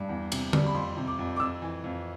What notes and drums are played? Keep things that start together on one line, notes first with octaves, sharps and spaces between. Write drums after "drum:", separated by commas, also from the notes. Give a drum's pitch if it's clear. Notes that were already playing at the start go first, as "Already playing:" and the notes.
Already playing: G2
E2
C3, drum: cymbal
G3, drum: tom D3
B5
F2 C6
C3
D6
F2
D6
F2 E6
E3
F2